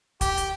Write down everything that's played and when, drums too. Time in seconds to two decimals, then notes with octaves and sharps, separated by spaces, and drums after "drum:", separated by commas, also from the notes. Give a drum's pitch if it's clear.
0.21 G4, drum: kick, hi-hat
0.37 drum: hi-hat